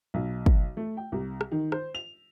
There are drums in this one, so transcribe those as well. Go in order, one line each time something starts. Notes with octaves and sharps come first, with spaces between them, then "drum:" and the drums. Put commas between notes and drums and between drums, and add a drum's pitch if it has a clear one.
B1
drum: kick
A3
G5
C2
drum: rim click
D#3
C5, drum: rim click
F7